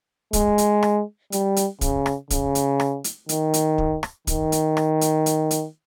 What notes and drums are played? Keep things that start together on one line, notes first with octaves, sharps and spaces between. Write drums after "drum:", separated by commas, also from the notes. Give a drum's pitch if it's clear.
G#3, drum: kick, hi-hat
drum: hi-hat
drum: rim click
G3, drum: hi-hat
drum: hi-hat
C#3, drum: kick, hi-hat
drum: rim click
C#3, drum: kick, hi-hat
drum: hi-hat
drum: rim click
drum: hi-hat
D#3, drum: hi-hat
drum: hi-hat
drum: kick
drum: rim click
D#3, drum: kick, hi-hat
drum: hi-hat
drum: rim click
drum: hi-hat
drum: hi-hat
drum: hi-hat